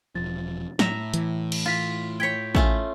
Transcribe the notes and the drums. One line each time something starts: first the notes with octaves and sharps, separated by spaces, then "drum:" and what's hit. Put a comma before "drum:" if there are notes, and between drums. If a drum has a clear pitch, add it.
E1 F3 A6
A2 E5 A#5, drum: snare
E3, drum: hi-hat
drum: cymbal
F4 F5 B6
C#5 G5 G#6 B6
A3 C#4 F4, drum: kick